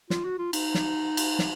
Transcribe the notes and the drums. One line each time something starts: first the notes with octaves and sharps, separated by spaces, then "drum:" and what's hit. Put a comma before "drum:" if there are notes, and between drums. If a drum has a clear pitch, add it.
F4, drum: snare
F#4
F4
D#4, drum: cymbal
drum: snare
drum: cymbal
drum: snare